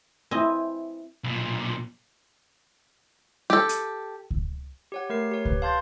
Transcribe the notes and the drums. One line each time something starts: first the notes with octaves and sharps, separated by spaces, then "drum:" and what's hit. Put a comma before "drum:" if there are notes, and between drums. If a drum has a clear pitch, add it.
C4 E4 D#5 G#5
B1 A#2
G4 A4, drum: snare C#4
drum: hi-hat
drum: kick C#2
G4 C#5 F#5
A3 A#4 C7
G4 C#5
B4, drum: kick C#2
F5 A5 C6 G6 A6